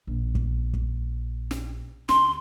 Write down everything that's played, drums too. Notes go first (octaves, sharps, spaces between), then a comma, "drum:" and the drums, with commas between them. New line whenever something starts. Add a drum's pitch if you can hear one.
A#1
drum: kick
drum: kick
drum: snare
D2 C6, drum: snare